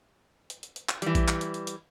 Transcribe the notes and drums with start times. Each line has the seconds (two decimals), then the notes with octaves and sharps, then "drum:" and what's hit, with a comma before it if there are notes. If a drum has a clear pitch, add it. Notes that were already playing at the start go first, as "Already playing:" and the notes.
0.50 drum: hi-hat
0.63 drum: hi-hat
0.76 drum: hi-hat
0.89 drum: clap
1.02 E3 G3, drum: hi-hat
1.15 drum: kick A#1, hi-hat
1.28 drum: clap
1.41 drum: hi-hat
1.54 drum: hi-hat
1.67 drum: hi-hat